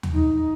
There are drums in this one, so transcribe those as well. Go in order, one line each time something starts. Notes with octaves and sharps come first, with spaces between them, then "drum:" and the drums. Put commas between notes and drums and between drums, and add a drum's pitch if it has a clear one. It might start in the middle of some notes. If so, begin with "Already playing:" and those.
drum: tom D#2
D#4